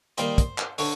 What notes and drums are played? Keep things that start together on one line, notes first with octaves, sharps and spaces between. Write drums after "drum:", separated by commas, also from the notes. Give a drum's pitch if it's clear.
D#3 G3 A#3 C5, drum: hi-hat
drum: kick, hi-hat
drum: clap
D3 C#5, drum: open hi-hat